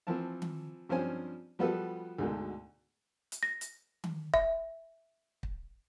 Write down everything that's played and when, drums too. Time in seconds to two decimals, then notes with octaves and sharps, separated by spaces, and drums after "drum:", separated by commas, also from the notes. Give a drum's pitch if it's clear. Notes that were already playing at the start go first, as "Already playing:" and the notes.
0.07 E3 F3 C4 A5
0.42 drum: tom D#3
0.89 G2 F3 C4 C#4 C5 G#5
1.59 F3 G3 B3 F#4 A4 B4
2.19 D2 G#2 B2 D3
3.32 drum: hi-hat
3.43 A#6
3.61 drum: hi-hat
4.04 drum: tom D#3
4.34 E5, drum: kick
5.43 drum: kick